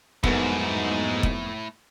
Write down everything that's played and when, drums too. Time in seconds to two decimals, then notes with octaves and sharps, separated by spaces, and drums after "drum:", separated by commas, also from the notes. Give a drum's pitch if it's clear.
0.24 B1 F2 G#2 A3 B3 E4 A#4, drum: kick
1.23 drum: kick